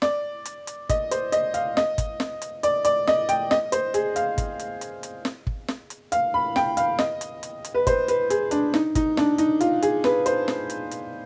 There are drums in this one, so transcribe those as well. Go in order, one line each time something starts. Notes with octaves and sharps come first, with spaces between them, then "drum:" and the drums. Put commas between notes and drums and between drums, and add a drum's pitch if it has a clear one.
D5, drum: snare
drum: hi-hat
drum: hi-hat
D#5, drum: kick, hi-hat
C5, drum: hi-hat
D#5, drum: hi-hat
F5, drum: hi-hat
D#5, drum: snare
drum: kick, hi-hat
drum: snare
drum: hi-hat
D5, drum: hi-hat
D5, drum: hi-hat
D#5, drum: snare
G5, drum: hi-hat
D#5, drum: snare
C5, drum: hi-hat
G#4, drum: hi-hat
F5, drum: hi-hat
drum: kick, hi-hat
drum: hi-hat
drum: hi-hat
drum: hi-hat
drum: snare
drum: kick
drum: snare
drum: hi-hat
F5, drum: hi-hat
B5
G5, drum: snare
F5, drum: hi-hat
D#5, drum: snare
drum: hi-hat
drum: hi-hat
drum: hi-hat
B4
C5, drum: kick, hi-hat
B4, drum: hi-hat
G#4, drum: hi-hat
D4, drum: hi-hat
D#4, drum: snare
D#4, drum: kick, hi-hat
D4, drum: snare
D#4, drum: hi-hat
F4, drum: hi-hat
G#4, drum: hi-hat
B4, drum: snare
C5, drum: hi-hat
drum: snare
drum: hi-hat
drum: hi-hat